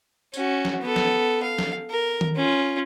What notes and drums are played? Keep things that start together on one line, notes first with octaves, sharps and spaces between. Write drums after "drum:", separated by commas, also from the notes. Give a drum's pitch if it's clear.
C#4 F#4, drum: tambourine
drum: snare
B3 A4
drum: snare
F5
drum: snare
A#4
drum: tom D#3
C#4 F4